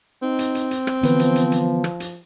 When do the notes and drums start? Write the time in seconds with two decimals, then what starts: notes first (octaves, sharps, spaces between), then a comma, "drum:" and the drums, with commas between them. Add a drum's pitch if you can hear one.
0.22 C4 D#4
0.39 drum: hi-hat
0.55 drum: hi-hat
0.71 drum: hi-hat
0.87 drum: rim click
1.03 D3 E3 F3 B3 B4, drum: hi-hat
1.19 drum: hi-hat
1.36 drum: hi-hat
1.52 drum: hi-hat
1.84 drum: rim click
2.00 drum: hi-hat